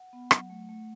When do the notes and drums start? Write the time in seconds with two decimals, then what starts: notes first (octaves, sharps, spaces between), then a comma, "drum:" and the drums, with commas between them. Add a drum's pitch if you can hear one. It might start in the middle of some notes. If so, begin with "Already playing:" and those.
Already playing: F#5
0.13 B3
0.31 F#3, drum: rim click
0.50 A3
0.69 A3